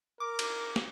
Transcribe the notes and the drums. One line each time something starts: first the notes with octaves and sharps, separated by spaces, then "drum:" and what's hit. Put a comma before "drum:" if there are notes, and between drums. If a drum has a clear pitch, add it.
A#4 D6
drum: cymbal
drum: snare